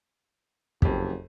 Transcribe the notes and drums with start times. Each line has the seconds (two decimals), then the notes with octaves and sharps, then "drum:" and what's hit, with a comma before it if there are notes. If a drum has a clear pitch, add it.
0.82 F#1 F2 G4, drum: kick